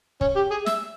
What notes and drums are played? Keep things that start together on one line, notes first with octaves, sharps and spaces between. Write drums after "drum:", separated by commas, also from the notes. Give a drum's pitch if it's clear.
C#4, drum: kick
G4
G#4
E5, drum: snare